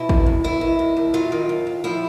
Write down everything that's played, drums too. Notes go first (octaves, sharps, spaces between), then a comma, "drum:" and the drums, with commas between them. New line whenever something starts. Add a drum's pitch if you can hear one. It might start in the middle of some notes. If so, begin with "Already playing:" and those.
Already playing: B2 E4
E2, drum: kick
E2
F#3 E4
D#3
D#2
D#2
F#3 F4
D#3
D#2
D#2
F3 E4